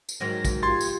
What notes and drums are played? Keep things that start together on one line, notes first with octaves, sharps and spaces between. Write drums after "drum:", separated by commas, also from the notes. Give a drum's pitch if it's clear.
drum: tambourine
G#2 D#3 F#3 A#6
drum: kick, tambourine
F4 G4 C6 G#6 A6
drum: tambourine